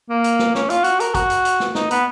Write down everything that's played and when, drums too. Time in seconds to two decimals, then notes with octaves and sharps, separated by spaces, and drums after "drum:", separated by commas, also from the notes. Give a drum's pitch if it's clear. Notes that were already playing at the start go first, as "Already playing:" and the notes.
0.09 A#3
0.24 drum: hi-hat
0.39 drum: snare
0.55 C#4, drum: snare
0.70 F4, drum: hi-hat
0.84 F#4, drum: hi-hat
1.00 A#4, drum: hi-hat
1.15 F#4, drum: kick, hi-hat
1.30 drum: hi-hat
1.45 drum: hi-hat
1.60 drum: snare
1.75 D#4, drum: snare
1.91 B3, drum: hi-hat